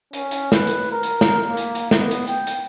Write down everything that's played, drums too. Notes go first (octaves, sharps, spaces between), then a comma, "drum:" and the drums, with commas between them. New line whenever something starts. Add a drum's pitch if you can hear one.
C#4, drum: hi-hat
drum: hi-hat
B4, drum: snare
drum: hi-hat
A#4
drum: hi-hat
drum: snare
A#3
drum: hi-hat
drum: hi-hat
B3, drum: snare
drum: hi-hat
G5, drum: hi-hat
drum: hi-hat